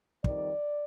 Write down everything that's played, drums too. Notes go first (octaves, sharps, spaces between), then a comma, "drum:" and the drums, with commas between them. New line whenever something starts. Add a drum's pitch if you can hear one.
F2 D#3 G3 D5, drum: kick